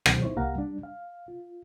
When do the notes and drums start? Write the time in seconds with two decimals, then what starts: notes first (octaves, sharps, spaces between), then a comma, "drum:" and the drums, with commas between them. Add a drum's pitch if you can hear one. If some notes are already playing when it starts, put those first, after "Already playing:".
0.06 B2 D#3 F#3 G#3 C4, drum: rim click
0.22 D#4 E4 C5 C#5
0.37 C2 A#3 G4 F5 F#5 A#5
0.55 G3 D4
0.83 F5
1.28 F4